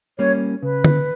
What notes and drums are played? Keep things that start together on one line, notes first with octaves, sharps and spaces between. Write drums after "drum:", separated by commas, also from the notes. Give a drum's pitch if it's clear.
G3 A#3 C#4 C#5
C#3 B4
drum: tom D3